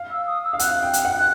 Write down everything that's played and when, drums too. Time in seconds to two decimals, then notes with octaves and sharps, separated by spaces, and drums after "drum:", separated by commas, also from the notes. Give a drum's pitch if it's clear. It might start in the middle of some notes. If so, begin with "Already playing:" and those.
Already playing: F5
0.10 E6
0.27 D#6
0.44 E6
0.53 F5
0.59 F#5 F#6, drum: hi-hat
0.82 G5
0.93 drum: hi-hat
1.05 F#5